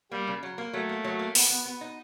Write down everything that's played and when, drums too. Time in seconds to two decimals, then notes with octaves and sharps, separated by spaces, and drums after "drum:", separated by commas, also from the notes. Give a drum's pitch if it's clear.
0.11 G3 A#3
0.27 C#3
0.43 F#3
0.58 A#3
0.73 F#3 A3
0.89 A#3
1.04 F#3
1.19 A#3
1.35 B3, drum: open hi-hat
1.50 B3
1.65 B3
1.81 D#4